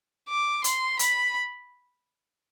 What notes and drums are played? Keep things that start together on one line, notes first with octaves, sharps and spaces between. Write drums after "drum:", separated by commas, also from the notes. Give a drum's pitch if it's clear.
D6
C6, drum: hi-hat
B5, drum: hi-hat